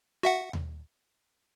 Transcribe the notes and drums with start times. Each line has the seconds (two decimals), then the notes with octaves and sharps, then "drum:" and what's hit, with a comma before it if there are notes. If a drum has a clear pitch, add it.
0.23 F#4 E5 F#5
0.53 drum: tom D#2